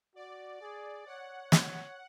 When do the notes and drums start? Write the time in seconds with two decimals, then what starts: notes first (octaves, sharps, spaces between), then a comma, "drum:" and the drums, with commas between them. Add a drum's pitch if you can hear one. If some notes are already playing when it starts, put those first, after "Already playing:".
0.16 F#4 D5
0.61 G#4 D5
1.07 C#5 F#5
1.52 C#5 F#5, drum: snare